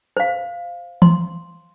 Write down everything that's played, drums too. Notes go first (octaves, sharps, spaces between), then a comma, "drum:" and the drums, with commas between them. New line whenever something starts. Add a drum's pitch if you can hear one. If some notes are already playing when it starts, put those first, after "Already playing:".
C5 F5
C6, drum: tom E3